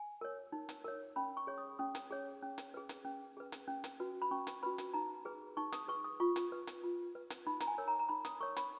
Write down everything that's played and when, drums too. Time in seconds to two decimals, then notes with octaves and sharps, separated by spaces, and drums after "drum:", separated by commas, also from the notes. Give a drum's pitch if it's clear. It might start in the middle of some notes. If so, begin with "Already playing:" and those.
Already playing: G#5
0.21 A#4 C#5
0.52 D#4
0.69 drum: hi-hat
0.84 A#4 C#5
1.16 C#4 B5
1.37 C#6
1.47 G#4 C#5
1.58 D#6
1.79 C#4 D#6
1.95 drum: hi-hat
2.11 G#4 C#5
2.43 C#4
2.58 drum: hi-hat
2.74 G#4 B4
2.89 drum: hi-hat
3.05 C#4
3.37 G#4 B4
3.52 drum: hi-hat
3.67 C#4
3.84 drum: hi-hat
4.00 F#4 B4
4.22 B5
4.31 C#4 C#6
4.47 drum: hi-hat
4.63 F#4 B4 B5
4.78 drum: hi-hat
4.94 D#4 A#5
5.25 G#4 B4
5.57 D#4 C#6
5.72 D#6, drum: hi-hat
5.88 G#4 B4 C#6
6.04 D#6
6.20 F4 C#6
6.36 drum: hi-hat
6.52 B4
6.67 drum: hi-hat
6.84 F4
7.15 B4
7.30 drum: hi-hat
7.47 D#4 B5
7.60 A#5, drum: hi-hat
7.67 G#5
7.78 A#4 C#5
7.88 A#5
7.99 A#5
8.09 D#4 B5
8.25 D#6, drum: hi-hat
8.41 A#4 C#5 C#6
8.57 B5, drum: hi-hat